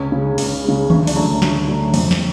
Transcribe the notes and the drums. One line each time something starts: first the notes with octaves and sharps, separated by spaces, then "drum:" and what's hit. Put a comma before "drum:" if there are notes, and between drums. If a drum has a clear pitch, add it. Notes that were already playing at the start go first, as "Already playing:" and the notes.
Already playing: C#2 C#4
C#3 G#3
C#2, drum: open hi-hat
C#3 G#3
D2 C#4, drum: tom D#3
D4, drum: open hi-hat
D3 F#3 A3
D2 F#4, drum: snare
D3 F#3 A3
F2, drum: open hi-hat
drum: snare